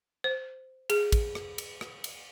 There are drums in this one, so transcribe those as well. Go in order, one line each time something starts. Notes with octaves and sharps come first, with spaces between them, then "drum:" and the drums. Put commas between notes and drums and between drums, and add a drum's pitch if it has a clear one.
C5
G#4, drum: cymbal
drum: kick, cymbal
drum: rim click
drum: cymbal
drum: rim click
drum: cymbal